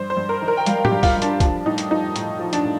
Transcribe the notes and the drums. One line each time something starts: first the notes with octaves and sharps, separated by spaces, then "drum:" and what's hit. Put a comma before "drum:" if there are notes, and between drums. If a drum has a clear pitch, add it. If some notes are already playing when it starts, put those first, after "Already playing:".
Already playing: G2 C5
C5
G2
A#4
D#3
A#4
G5
G3 F5, drum: hi-hat
G4, drum: tom
G2
F4, drum: kick, open hi-hat
G2
D4, drum: hi-hat
F3 D4, drum: kick, hi-hat
A2 D#4
drum: hi-hat
F3 D#4
A2, drum: hi-hat
F3
D4, drum: hi-hat
A2